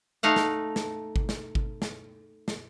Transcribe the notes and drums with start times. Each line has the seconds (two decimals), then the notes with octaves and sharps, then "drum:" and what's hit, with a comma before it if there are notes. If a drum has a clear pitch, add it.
0.23 A3 D#4 F5 F#5
0.36 drum: snare
0.76 drum: snare
1.16 drum: kick G#1
1.29 drum: snare
1.55 drum: kick G#1
1.82 drum: snare
2.48 drum: snare